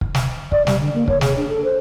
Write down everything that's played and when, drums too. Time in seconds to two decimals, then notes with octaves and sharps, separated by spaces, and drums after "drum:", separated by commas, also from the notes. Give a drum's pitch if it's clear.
0.01 drum: kick
0.15 drum: snare
0.52 D5, drum: kick
0.67 G3, drum: snare
0.80 D3
0.95 A#3
1.08 C#5, drum: kick
1.21 G#4, drum: snare
1.36 D4
1.49 A4
1.64 C5